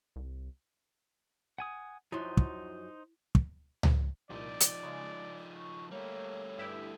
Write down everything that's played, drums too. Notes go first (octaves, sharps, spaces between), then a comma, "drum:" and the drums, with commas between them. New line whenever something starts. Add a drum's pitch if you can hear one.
C2
F#5 G#5 D#6
F#2 F3 F#3 D#4 E4 C5
drum: kick
drum: kick
drum: tom C#2
C2 A#2 F3 D#4 D5
drum: hi-hat
C#3 G#3
C#6
G3 A3 A#3 C#5
G2 E4 G4 E5